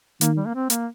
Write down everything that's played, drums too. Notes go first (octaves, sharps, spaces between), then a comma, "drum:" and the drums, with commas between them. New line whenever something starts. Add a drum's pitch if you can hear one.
D#3 A#3, drum: hi-hat
G3
A#3
C4
A#3, drum: hi-hat